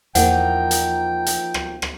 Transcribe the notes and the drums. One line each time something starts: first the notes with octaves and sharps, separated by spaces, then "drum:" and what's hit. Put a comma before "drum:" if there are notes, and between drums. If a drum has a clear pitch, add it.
E2 F3 A#3 D#4 F#5 G5, drum: hi-hat
drum: hi-hat
drum: hi-hat
drum: rim click
drum: rim click